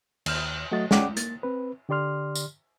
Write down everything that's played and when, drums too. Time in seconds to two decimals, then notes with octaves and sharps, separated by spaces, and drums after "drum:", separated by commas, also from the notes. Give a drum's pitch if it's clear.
0.26 D#2 F6, drum: cymbal
0.72 F#3 A3 F#4 D#5 A6
0.91 G#3 C#4 D5 F#5 G5 D6, drum: snare
1.16 A#3 A6, drum: hi-hat
1.43 C4 B4
1.89 D3 G4 D5 C6 F6
2.35 drum: tambourine